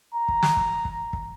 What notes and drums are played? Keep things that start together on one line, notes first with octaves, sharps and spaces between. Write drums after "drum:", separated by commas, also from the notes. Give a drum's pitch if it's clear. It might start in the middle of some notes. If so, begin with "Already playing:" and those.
A#5
drum: kick
drum: snare
drum: kick
drum: kick
drum: kick